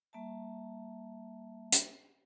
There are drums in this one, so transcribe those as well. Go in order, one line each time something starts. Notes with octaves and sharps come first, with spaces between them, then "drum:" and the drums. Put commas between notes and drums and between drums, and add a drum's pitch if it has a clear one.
G3 A#3 E5 A5
drum: hi-hat